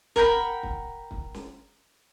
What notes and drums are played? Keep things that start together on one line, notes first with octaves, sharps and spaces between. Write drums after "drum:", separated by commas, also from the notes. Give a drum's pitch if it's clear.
A#4 F#5 G5 B5, drum: kick
drum: kick
drum: kick
drum: snare